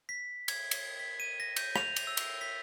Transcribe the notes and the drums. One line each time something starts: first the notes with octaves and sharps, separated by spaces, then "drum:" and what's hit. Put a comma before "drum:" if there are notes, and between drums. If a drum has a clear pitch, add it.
B6
G#6, drum: cymbal
drum: cymbal
B6
D#7
A#6
G6, drum: cymbal
F7, drum: rim click
drum: cymbal
E6
drum: cymbal
B6